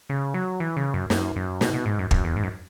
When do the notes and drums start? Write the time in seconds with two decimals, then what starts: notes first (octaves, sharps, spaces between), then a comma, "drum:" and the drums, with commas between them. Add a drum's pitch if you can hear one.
0.09 C#3
0.34 F#3
0.60 E3
0.77 C#3
0.94 F#2
1.10 F#2, drum: snare
1.36 F#2
1.61 B2, drum: snare
1.74 B2
1.85 G#2
1.99 F#2
2.11 F#2, drum: kick
2.24 E2
2.36 G#2
2.43 F#2